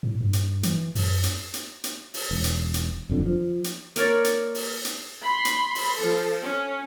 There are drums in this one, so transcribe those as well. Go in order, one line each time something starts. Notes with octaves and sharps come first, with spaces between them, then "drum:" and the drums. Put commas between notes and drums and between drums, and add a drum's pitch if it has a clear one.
A2
G2
drum: hi-hat
E3, drum: hi-hat
F#2, drum: open hi-hat
drum: hi-hat
drum: hi-hat
drum: hi-hat
drum: open hi-hat
E1
drum: hi-hat
drum: hi-hat
F#1 F2 D3
F3
drum: hi-hat
A#3 A#4 C#5 D5, drum: hi-hat
drum: hi-hat
drum: open hi-hat
drum: hi-hat
B5 C6
drum: hi-hat
drum: open hi-hat
F3 A4
C#4